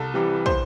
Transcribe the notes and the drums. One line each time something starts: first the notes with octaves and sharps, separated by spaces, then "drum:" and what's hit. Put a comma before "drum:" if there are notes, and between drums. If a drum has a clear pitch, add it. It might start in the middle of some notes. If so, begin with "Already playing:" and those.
Already playing: C2 A4
C3 E3 G3
C5, drum: kick